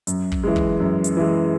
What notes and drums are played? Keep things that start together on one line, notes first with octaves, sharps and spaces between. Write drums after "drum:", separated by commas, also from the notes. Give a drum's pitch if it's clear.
F#2, drum: hi-hat
drum: kick
E3 G#3
drum: kick
F#2
drum: hi-hat
E3 G#3